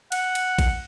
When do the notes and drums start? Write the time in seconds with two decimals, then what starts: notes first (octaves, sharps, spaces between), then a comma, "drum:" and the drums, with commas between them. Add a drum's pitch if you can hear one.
0.12 F#5, drum: cymbal
0.35 drum: cymbal
0.59 drum: kick A#1, cymbal